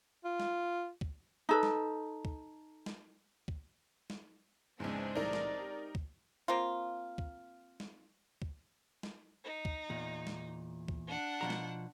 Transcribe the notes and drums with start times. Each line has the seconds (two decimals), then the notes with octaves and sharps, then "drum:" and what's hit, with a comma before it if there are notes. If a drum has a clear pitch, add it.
0.25 F4
0.40 drum: snare
1.01 drum: kick
1.49 D#4 A4 B4
1.63 drum: snare
2.25 drum: kick
2.86 drum: snare
3.48 drum: kick
4.10 drum: snare
4.80 A#1 E2 G#2 C#3 G#3 C4 D4
5.15 C2 A2 E3 D#4 A#4 D5
5.33 drum: snare
5.59 G4
5.95 drum: kick
6.48 A#3 C4 F4
7.18 drum: kick
7.80 drum: snare
8.42 drum: kick
9.03 drum: snare
9.44 D#4
9.65 drum: kick
9.90 E2 A#2
10.27 drum: snare
10.88 drum: kick
11.07 D4 F#5
11.41 B2 F3 A#5
11.50 drum: snare